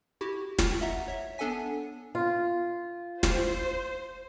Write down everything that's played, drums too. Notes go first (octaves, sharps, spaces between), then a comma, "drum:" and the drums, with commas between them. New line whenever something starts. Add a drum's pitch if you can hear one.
E4 F#4 G4
drum: snare
D#5 E5 F#5 A#5
C#5 E5
B3 D4 A4 F#5 G#5 B6
F4
C5, drum: snare